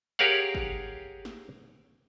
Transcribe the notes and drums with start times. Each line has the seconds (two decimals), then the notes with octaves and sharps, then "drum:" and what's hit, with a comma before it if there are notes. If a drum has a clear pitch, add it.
0.19 G4 G#4 A#4 C#5 F5 F#5
0.55 drum: kick
1.25 drum: snare